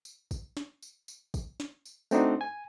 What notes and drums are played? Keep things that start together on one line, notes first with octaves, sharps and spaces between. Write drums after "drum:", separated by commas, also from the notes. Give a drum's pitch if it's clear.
drum: tambourine
drum: kick, tambourine
drum: snare
drum: tambourine
drum: tambourine
drum: kick, tambourine
drum: snare
drum: tambourine
A3 C4 D4 D#4 F#4, drum: tambourine
G#5